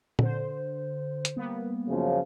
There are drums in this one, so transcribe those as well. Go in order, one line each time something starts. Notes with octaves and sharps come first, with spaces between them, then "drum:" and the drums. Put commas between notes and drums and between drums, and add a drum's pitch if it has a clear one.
D3 C5, drum: tom A#2
drum: hi-hat
G3 A#3 B3
F#2 C#3 F3